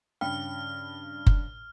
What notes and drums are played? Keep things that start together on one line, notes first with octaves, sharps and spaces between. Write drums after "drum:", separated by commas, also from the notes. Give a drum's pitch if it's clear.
G2 C#3 G5 B5 F6
drum: kick F#1